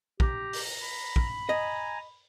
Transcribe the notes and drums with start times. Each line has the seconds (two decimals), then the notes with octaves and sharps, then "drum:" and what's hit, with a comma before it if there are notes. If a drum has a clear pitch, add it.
0.20 G4 A#5, drum: kick
0.53 drum: open hi-hat
0.82 B5
1.16 drum: kick
1.49 D#5 G#5 A#5